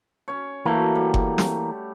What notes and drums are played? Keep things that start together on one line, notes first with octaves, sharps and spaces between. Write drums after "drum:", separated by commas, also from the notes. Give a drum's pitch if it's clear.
C#4 C#5
E3 F#3 A3 A#3
G3
drum: kick F#1
drum: snare